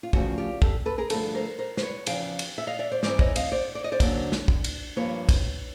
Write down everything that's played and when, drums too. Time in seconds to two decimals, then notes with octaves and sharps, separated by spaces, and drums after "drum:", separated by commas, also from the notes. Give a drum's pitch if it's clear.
0.03 F4
0.13 E2 C#3 F3 A3 F#4, drum: kick
0.38 F4 G4
0.62 G4 A4, drum: kick
0.86 A4 B4
0.98 G#4 A#4
1.10 G2 D3 F3 A3 A4 B4, drum: cymbal
1.34 A#4 C5
1.59 A#4 C5
1.77 C5, drum: snare
1.82 B4 C#5
2.07 E2 C#3 F3 F5 G5, drum: cymbal
2.39 drum: cymbal
2.58 E5
2.67 D#5 F5
2.79 D5 E5
2.92 C5 D5
3.03 G#2 E3 G#3 C4 C5 D5, drum: snare
3.19 C#5 D#5, drum: kick
3.36 D#5 F5, drum: cymbal
3.52 C5 D5
3.75 D5
3.84 D#5
3.92 C5 D5
4.00 F#2 D3 F#3 A#3, drum: kick, cymbal
4.32 drum: snare
4.48 drum: kick
4.64 drum: cymbal
4.96 G2 D3 F3 A#3 B4 C#5
5.29 drum: kick, cymbal